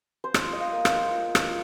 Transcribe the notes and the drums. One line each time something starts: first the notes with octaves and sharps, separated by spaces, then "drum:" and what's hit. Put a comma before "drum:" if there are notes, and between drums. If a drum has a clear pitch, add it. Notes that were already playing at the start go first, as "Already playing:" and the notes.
C5
F4 D#5, drum: rim click
D#5
F5
A#3
C5, drum: rim click
F4
drum: rim click
F4